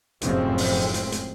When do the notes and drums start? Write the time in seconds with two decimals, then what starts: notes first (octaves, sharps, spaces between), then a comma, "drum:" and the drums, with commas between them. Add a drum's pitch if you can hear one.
0.22 F1 F#2 A2 F3 G#3 C4, drum: hi-hat
0.58 drum: open hi-hat
0.94 drum: hi-hat
1.12 drum: hi-hat